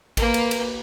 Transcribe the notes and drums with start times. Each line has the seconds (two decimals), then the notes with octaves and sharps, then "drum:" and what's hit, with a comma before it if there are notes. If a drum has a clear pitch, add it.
0.17 A#3 B4, drum: kick A1, cymbal
0.34 drum: cymbal
0.51 drum: cymbal